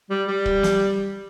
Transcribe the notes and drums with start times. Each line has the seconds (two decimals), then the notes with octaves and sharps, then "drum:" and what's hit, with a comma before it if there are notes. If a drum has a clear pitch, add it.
0.10 G3
0.28 G3
0.46 drum: kick
0.63 drum: snare